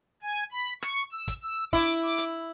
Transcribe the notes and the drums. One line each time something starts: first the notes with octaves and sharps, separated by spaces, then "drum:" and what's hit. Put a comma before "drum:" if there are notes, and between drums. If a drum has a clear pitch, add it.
G#5
B5
C#6, drum: rim click
E6
drum: kick, hi-hat
E6
E4 D6, drum: kick, hi-hat
D6
drum: hi-hat